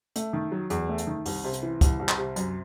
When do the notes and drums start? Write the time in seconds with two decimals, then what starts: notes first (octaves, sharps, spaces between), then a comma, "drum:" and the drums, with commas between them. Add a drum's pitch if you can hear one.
0.16 A3, drum: hi-hat
0.33 D#3
0.52 F#3
0.70 E2, drum: hi-hat
0.89 A3
0.98 drum: hi-hat
1.07 D#3
1.26 C2, drum: open hi-hat
1.44 C3
1.53 drum: hi-hat
1.63 E3
1.81 C2, drum: kick, hi-hat
1.99 C2
2.09 drum: clap
2.18 C3
2.36 F#2, drum: hi-hat